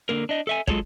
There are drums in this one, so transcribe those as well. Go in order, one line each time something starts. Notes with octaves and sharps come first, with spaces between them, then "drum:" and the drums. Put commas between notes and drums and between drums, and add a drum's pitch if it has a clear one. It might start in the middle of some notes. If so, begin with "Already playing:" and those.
D3 A#3 A#4
D4 D#5
A4 E5 G#5
F#3 G#3 F4 G#4 A4 C#5, drum: kick